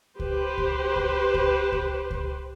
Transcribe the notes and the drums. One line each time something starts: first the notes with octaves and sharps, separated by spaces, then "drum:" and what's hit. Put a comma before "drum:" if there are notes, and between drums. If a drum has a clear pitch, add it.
G4 B4 C5, drum: kick C#2
drum: kick C#2
drum: kick C#2
drum: kick C#2
drum: kick C#2
drum: kick C#2